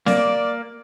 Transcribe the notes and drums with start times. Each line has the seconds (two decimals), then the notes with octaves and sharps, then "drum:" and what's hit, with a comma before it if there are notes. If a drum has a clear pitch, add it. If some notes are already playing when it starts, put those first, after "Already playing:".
0.06 A#3 D5, drum: snare C4